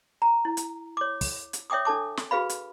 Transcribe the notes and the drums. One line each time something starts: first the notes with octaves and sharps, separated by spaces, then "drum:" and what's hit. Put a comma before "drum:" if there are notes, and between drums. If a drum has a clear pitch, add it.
A#5
E4
drum: hi-hat
C#5 D6
drum: kick, open hi-hat
drum: hi-hat
C#5 E5 G5 D6 D#6
D4 A4 A5 D6
drum: snare
F#4 G#4 B4 F5 B5
drum: hi-hat